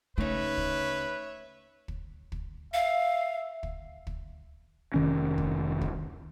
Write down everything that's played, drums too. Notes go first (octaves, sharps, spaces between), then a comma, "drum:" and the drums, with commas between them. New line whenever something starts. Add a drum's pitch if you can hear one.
C#3 A3 D#4 B4 C#5 E5
drum: kick
drum: kick
drum: kick
E5 F5
drum: kick
drum: kick
F1 D#3 C#4
drum: kick
drum: kick